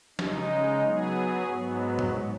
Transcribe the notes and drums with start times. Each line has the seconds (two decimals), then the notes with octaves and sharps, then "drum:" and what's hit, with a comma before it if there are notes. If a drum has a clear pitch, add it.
0.19 C#3 G#3 D#4, drum: snare
0.83 F#3 B3 G#4
1.48 G#2 F#3 B3
1.99 drum: tom G#2